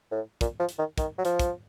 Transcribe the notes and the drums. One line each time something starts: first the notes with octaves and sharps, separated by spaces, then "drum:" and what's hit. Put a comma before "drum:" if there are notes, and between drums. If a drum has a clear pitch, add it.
A2
A#2, drum: kick, hi-hat
F3
drum: hi-hat
D#3
D#3, drum: kick, hi-hat
F#3
F3, drum: hi-hat
drum: kick, hi-hat